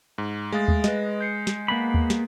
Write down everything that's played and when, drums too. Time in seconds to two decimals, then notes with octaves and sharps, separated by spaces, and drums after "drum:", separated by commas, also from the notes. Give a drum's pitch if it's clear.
0.18 G#2
0.52 G#3 A3 F5 A6
0.68 drum: kick D#2
0.84 B4 D#5, drum: snare
1.21 G6 C7 C#7
1.47 drum: snare
1.68 A#3 B3 B5
1.94 drum: kick D#2
2.10 drum: snare